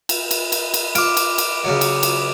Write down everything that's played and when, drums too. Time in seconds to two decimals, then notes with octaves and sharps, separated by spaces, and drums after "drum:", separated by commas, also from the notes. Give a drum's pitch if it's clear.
0.09 drum: cymbal
0.31 drum: cymbal
0.52 drum: cymbal
0.74 drum: cymbal
0.95 F4 D6 D7, drum: cymbal
1.17 drum: cymbal
1.38 drum: cymbal
1.65 C#3 F#3
1.81 drum: cymbal
2.03 drum: cymbal